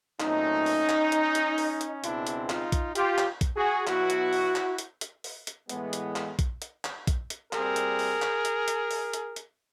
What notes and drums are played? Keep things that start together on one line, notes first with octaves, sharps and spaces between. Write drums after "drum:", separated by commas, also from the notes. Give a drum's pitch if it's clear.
A#2 F#3 A3 C4 C#4 D#4, drum: clap
drum: open hi-hat
drum: clap
drum: hi-hat
drum: hi-hat
drum: open hi-hat
drum: hi-hat
C#2 B2 G#3 C4 D4 E4, drum: hi-hat
drum: hi-hat
D#4 F4, drum: clap
drum: kick A#1, hi-hat
F4 G4, drum: hi-hat
drum: clap
drum: kick A#1, hi-hat
F#4 G#4
B2 F#3 B3 E4 F#4, drum: clap
drum: hi-hat
drum: open hi-hat
drum: clap
drum: hi-hat
drum: hi-hat
drum: open hi-hat
drum: hi-hat
A2 E3 G#3 B3, drum: hi-hat
drum: hi-hat
drum: clap
drum: kick A#1, hi-hat
drum: hi-hat
drum: clap
drum: kick A#1, hi-hat
drum: hi-hat
A#2 G3 C4 G#4 A#4, drum: clap
drum: hi-hat
drum: open hi-hat
drum: clap
drum: hi-hat
drum: hi-hat
drum: open hi-hat
drum: hi-hat
drum: hi-hat